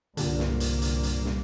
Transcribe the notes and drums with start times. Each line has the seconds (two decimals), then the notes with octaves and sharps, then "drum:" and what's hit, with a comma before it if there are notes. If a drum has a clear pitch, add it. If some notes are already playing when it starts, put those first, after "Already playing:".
0.17 C2 G2 A#2 D3 A#3, drum: hi-hat
0.39 drum: snare
0.60 drum: hi-hat
0.82 drum: hi-hat
1.03 drum: hi-hat
1.25 drum: snare